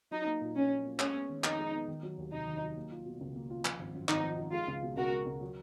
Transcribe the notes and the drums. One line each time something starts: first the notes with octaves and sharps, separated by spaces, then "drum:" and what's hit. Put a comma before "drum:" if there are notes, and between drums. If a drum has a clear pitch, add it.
F#3 D#4
A#3
A#2
A#1 C#4
F#3
A#3
G#3 C#4, drum: clap
B3
D#3
F2 D#4, drum: clap
G#3
B3
D#3
F#3
D#2
F1 D#4
D#3
F#3
A#3
F4
B2
C#2
A#3
F4
F3, drum: clap
G#1
F#2
G#1 D#4, drum: clap
F3
G#1
G#3 F4
C#2
B2
C#2 F#4 A#4
G#3
C#2
F#3